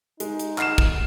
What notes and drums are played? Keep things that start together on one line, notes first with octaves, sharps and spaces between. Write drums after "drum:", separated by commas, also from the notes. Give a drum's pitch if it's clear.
G#3 D#4, drum: hi-hat
drum: hi-hat
F#5 F6 C7 E7, drum: clap
drum: kick